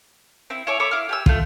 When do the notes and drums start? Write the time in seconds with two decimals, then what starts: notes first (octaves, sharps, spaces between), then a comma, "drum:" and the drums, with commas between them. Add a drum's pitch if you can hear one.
0.50 C4 E4
0.67 E4 C#5 G#5 D6
0.80 A4 C#5 B5 D6
0.91 E4 F5
1.09 G4 G#5 E6
1.26 A3 F4, drum: kick